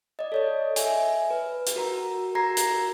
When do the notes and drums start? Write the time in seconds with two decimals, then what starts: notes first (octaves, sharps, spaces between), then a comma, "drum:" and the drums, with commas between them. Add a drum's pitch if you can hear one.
0.19 D5 D#5
0.32 A4 C#5 D#5
0.76 E5 G#5, drum: hi-hat
1.31 B4
1.67 drum: hi-hat
1.76 F#4 A#4 A#5
2.35 F#4 A#4 A#5 G#6 A#6 C7
2.57 drum: hi-hat